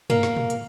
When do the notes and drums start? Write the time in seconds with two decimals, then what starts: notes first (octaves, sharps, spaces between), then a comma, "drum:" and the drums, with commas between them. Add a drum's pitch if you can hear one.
0.10 A#3, drum: tom
0.23 drum: snare
0.37 drum: tom
0.50 drum: hi-hat